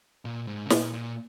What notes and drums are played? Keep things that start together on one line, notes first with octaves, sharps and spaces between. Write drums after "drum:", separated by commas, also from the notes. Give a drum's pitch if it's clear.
A#2
G#2
C#3
A#2, drum: snare
A#2